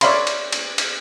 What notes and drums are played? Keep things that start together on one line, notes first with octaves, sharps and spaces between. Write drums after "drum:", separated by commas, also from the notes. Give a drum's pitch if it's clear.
C#5 D5 E5 F5 B5 C6, drum: cymbal
drum: cymbal
drum: cymbal
drum: cymbal